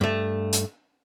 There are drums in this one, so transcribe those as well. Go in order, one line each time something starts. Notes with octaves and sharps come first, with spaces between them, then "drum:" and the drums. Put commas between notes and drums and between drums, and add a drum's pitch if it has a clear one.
G2 A3
drum: hi-hat